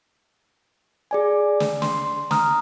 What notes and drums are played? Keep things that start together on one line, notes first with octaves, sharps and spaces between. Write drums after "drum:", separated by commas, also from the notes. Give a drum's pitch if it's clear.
G#4 D5 G#5
drum: snare
C6, drum: snare
A#5 D#6 F6, drum: snare